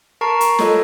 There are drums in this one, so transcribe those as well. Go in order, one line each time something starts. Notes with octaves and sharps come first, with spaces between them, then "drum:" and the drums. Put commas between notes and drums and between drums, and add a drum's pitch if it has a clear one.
A#4 A5 A#5 C#6 C7 D7
drum: hi-hat
E4 F4 A4 C#5 D#5, drum: snare